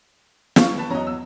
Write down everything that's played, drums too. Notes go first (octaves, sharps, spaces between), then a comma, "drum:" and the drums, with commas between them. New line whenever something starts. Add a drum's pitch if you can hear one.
F5 C#6, drum: snare
B4 A5
E2 F#3 C#4 D#5 A#5
E6